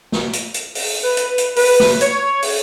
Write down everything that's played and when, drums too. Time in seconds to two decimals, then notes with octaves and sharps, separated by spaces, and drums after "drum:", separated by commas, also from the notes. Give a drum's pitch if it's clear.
0.12 drum: snare
0.33 drum: hi-hat
0.54 drum: hi-hat
0.75 drum: open hi-hat
1.03 B4
1.17 drum: hi-hat
1.38 drum: hi-hat
1.56 B4, drum: open hi-hat
1.80 drum: snare
2.01 C#5, drum: hi-hat
2.42 drum: open hi-hat